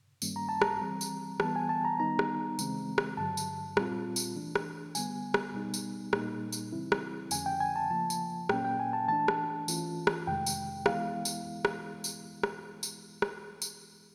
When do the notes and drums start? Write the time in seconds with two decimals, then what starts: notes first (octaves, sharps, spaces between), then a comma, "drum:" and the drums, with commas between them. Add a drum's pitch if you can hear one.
0.22 G2 D#3 G3 A#3 C#4, drum: tambourine
0.36 A#5
0.49 A5
0.62 A#5, drum: rim click
0.81 E3 G3 C4
1.01 drum: tambourine
1.40 E3 G3 B3 A5, drum: rim click
1.56 G#5
1.69 A5
1.85 A#5
1.99 D#3 G3 B3 D#4 A#5
2.19 drum: rim click
2.59 C#3 E3 G#3 C4, drum: tambourine
2.98 drum: rim click
3.17 G2 D3 F#3 A5
3.37 drum: tambourine
3.77 A#2 G3 C4 F4, drum: rim click
4.16 drum: tambourine
4.36 E3 A3 D4
4.55 drum: rim click
4.95 D3 G3 B3 G#5, drum: tambourine
5.34 drum: rim click
5.54 B2 G3 B3 D#4
5.74 drum: tambourine
6.13 A#2 G3 A#3 D#4, drum: rim click
6.52 drum: tambourine
6.72 C#3 E3 G3 C4 E4
6.92 drum: rim click
7.31 F2 D3 F3 A3 C#4 G#5, drum: tambourine
7.46 G5
7.60 G#5
7.76 A5
7.90 C#3 F3 A#3 A5
8.10 drum: tambourine
8.49 A#2 F#3 A#3 C#4 G5, drum: rim click
8.65 G5
8.80 G#5
8.93 A5
9.08 E3 A3 D4 A5
9.28 drum: rim click
9.68 E3 A3 C#4 F4, drum: tambourine
10.07 drum: rim click
10.27 F2 C3 D#3 G#3 G5
10.46 drum: tambourine
10.86 E3 G#3 B3 E4 F5, drum: rim click
11.25 drum: tambourine
11.65 drum: rim click
12.04 drum: tambourine
12.43 drum: rim click
12.83 drum: tambourine
13.22 drum: rim click
13.62 drum: tambourine